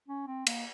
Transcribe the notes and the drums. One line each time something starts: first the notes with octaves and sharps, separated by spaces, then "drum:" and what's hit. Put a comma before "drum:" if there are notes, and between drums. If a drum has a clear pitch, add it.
C#4
C4
A#3, drum: cymbal